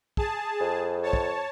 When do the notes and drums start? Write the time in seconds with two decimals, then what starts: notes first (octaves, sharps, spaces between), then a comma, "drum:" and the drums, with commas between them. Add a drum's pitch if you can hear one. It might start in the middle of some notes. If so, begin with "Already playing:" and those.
0.17 G#4 A5, drum: kick
0.60 F2
1.03 C#5 A5
1.13 drum: kick